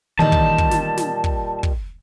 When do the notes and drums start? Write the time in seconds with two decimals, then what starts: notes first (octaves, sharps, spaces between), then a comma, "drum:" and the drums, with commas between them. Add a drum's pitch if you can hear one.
0.19 A#2 D#3 E3 G3 D#4 A5
0.32 drum: kick
0.58 drum: kick
0.71 drum: snare
0.98 drum: snare
1.24 drum: kick
1.63 drum: kick